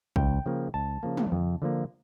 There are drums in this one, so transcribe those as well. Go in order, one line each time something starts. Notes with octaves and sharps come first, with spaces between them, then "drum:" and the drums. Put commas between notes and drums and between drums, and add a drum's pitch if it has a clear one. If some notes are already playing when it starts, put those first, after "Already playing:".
C#2 G5, drum: kick A#1
C#3 F3 A#3
C#2 A5
C#3 F3 A#3
drum: tom
F2
D3 F3 A#3